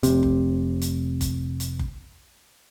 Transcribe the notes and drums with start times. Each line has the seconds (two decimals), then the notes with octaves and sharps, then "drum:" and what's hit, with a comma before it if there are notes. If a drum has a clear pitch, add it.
0.03 F1 C3, drum: hi-hat
0.23 drum: kick F#1
0.82 drum: hi-hat
1.21 drum: kick F#1, hi-hat
1.60 drum: hi-hat
1.79 drum: kick F#1